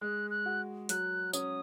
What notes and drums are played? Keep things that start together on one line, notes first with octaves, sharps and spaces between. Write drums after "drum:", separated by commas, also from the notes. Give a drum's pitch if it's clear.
G#3 F#6
F#6
F#4
F#3 F#6, drum: hi-hat
C#4 D#6, drum: tambourine